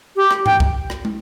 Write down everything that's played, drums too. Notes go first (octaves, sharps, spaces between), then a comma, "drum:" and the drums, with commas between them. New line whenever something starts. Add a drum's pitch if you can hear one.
G4
drum: rim click
G5, drum: tom G2
drum: kick
drum: rim click
drum: tom